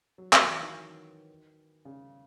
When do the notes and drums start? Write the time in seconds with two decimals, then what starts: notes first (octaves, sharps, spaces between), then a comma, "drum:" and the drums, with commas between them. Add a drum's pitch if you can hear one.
0.18 F#3
0.33 F#3, drum: clap
0.47 E3
0.60 D#3
1.85 C#3